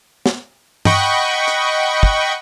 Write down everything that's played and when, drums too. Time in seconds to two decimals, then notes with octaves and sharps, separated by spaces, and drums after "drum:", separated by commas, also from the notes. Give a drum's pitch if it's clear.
0.26 drum: snare
0.85 D#5 F#5 G5 B5 C#6, drum: tom
1.48 drum: hi-hat
2.03 drum: kick